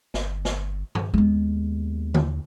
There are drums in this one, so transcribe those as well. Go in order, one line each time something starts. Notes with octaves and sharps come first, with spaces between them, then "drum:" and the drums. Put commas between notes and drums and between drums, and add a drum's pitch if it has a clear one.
G1, drum: snare
drum: snare
drum: tom G2
D#2 G#3 B3
drum: tom D3